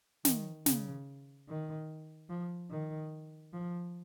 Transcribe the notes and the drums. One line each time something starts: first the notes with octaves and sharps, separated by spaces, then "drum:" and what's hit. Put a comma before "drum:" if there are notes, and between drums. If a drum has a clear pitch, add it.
D#3, drum: snare
C#3, drum: snare
D#3
F3
D#3
F3